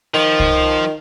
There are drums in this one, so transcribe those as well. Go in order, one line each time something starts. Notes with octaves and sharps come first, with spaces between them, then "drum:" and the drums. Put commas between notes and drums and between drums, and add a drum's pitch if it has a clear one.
D#3 F3
drum: kick C2